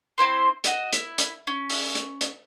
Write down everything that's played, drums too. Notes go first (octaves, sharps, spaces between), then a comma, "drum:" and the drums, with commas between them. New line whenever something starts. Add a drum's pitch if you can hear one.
C4 E4 C5 C6
F#4 D#5, drum: hi-hat
E4, drum: hi-hat
drum: hi-hat
C#4
drum: open hi-hat
drum: hi-hat
drum: hi-hat